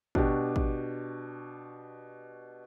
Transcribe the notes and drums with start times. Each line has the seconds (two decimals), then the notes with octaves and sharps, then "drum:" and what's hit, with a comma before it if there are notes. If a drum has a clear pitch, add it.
0.15 B2 D4 F#4 G4, drum: kick
0.56 drum: kick